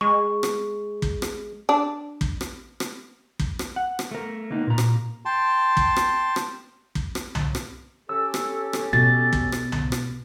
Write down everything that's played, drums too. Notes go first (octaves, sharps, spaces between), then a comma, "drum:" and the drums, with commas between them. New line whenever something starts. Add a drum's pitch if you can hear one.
G#3 C#6
drum: rim click
drum: kick
drum: rim click
D4
drum: kick
drum: rim click
drum: rim click
drum: kick
drum: rim click
F#5
drum: rim click
A3 A#4
A#3 B3 D#4
A#2 A#5
drum: rim click
G5 A5 C6
drum: kick
drum: rim click
drum: rim click
drum: kick
drum: rim click
drum: tom C2
drum: rim click
C#4 G4 A4 E6
drum: rim click
drum: rim click
B2 A6
drum: kick
drum: rim click
drum: tom C2
drum: rim click